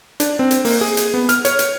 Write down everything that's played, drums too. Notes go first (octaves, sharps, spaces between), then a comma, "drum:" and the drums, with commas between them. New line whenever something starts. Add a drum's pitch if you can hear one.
D4, drum: hi-hat
C4
drum: hi-hat
A#3, drum: open hi-hat
G#4
drum: hi-hat
B3
F6, drum: hi-hat
C#5, drum: hi-hat
drum: hi-hat